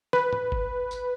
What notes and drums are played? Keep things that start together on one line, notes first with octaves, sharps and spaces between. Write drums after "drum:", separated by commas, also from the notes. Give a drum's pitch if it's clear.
B4, drum: snare
drum: tom
drum: kick G1
drum: tambourine